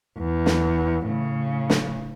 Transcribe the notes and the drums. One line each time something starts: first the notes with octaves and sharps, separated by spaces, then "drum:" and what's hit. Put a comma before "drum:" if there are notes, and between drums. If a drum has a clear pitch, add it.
E2
drum: snare
A2 C#3
drum: snare